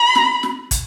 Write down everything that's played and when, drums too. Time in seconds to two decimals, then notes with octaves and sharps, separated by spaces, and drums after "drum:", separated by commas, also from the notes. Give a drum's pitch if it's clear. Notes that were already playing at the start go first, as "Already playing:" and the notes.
Already playing: B5
0.15 drum: snare
0.43 drum: snare
0.71 drum: kick, hi-hat